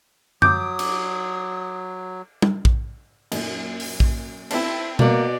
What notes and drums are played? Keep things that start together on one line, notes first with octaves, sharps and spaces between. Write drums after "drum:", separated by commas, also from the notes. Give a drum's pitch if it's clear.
F#3 D6 D#6 G6, drum: tom F#2
drum: cymbal
drum: tom
drum: kick A#1
F#2 A#2, drum: cymbal
drum: open hi-hat
drum: kick A#1
C4 E4 B4 A5, drum: cymbal
B2 A#3 D5 F#5, drum: tom B2